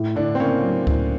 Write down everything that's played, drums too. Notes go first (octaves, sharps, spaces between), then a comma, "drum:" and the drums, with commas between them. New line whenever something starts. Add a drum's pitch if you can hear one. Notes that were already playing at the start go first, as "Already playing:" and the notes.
Already playing: A2
A2 D3 D4
C4
C#3 A#3 C#4
F#3
A2, drum: kick C#2